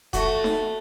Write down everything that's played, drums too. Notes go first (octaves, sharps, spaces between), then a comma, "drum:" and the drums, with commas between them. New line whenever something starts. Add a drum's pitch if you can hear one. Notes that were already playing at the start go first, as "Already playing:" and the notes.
A3 F#4, drum: kick D#1, hi-hat
drum: snare D#4